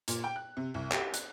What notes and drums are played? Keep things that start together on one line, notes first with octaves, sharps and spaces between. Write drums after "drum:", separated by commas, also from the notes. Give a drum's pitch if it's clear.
A#2, drum: hi-hat
G5
F#6
C3
C2
G4, drum: clap
F#6, drum: hi-hat